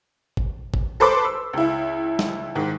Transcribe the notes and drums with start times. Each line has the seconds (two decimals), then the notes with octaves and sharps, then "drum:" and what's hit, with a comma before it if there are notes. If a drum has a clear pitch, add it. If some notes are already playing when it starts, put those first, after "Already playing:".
0.37 drum: kick G#1
0.74 drum: kick G#1
1.00 A4 B4 C5 B5 D6
1.25 E6
1.53 C#2 E4
2.19 drum: snare
2.55 G#2 D#3